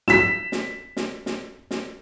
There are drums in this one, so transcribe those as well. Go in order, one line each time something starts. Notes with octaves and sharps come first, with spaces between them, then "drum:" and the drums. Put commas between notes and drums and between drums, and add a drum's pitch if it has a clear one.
B6 E7, drum: snare
drum: snare
drum: snare
drum: snare
drum: snare